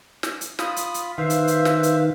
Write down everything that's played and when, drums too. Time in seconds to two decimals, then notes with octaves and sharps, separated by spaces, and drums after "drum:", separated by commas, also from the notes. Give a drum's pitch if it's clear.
0.23 drum: snare
0.41 drum: hi-hat
0.59 F4 B5 D#6, drum: snare
0.76 drum: hi-hat
0.94 drum: hi-hat
1.18 D#3 B4 C5 E5 F5
1.30 drum: hi-hat
1.48 drum: hi-hat
1.65 drum: snare
1.83 drum: hi-hat